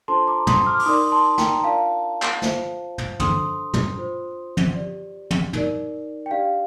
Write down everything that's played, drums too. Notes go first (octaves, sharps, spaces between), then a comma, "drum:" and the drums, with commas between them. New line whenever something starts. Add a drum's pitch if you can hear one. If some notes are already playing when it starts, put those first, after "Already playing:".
D4 F4 A4 C5 A5 C6
A#5 D6
C6 D#6, drum: tom
D6 F6
D6, drum: open hi-hat
D#4 A#4 D5 C6 D#6
A5 C6
G5 A#5, drum: snare
A#5
D4 F4 A#4 D5 F5 A5
drum: clap
F4 C5, drum: snare
drum: tom
D4 A4 C5 C6 D#6, drum: tom
drum: tom
F4 C5
drum: tom
G4 D5
drum: tom
D#4 A#4 D5, drum: tom
G5
D4 G4 D5 F5